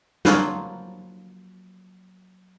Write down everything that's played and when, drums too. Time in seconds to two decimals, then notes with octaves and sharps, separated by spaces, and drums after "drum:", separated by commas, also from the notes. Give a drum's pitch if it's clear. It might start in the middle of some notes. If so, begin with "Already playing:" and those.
0.25 F3 F#3 A#3 F4 B4 C5, drum: snare